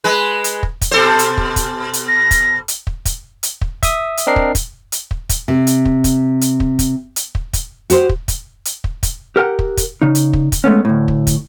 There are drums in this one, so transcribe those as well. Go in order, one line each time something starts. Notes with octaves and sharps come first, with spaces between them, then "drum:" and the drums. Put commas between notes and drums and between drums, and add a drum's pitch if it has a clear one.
G#3 B4
drum: hi-hat
drum: kick
drum: kick, hi-hat
B2 A4 C5
drum: hi-hat
drum: kick
drum: kick, hi-hat
drum: hi-hat
A#6
drum: kick, hi-hat
drum: hi-hat
drum: kick
drum: kick, hi-hat
drum: hi-hat
drum: kick
E5 D#6, drum: kick, hi-hat
drum: hi-hat
C4 D4 A#4 D#5 C7
drum: kick
drum: kick, hi-hat
drum: hi-hat
drum: kick
drum: kick, hi-hat
C3
drum: hi-hat
drum: kick
drum: kick, hi-hat
drum: hi-hat
drum: kick
drum: kick, hi-hat
drum: hi-hat
drum: kick
drum: kick, hi-hat
F#4 G4 C5, drum: hi-hat
drum: kick
drum: kick, hi-hat
drum: hi-hat
drum: kick
drum: kick, hi-hat
G4 A#4 F#5 G5
drum: kick
drum: kick, hi-hat
C#3 D#4
drum: hi-hat
drum: kick
drum: kick, hi-hat
G#3 A3 B3 C#4
D2 A2
drum: kick
drum: kick, hi-hat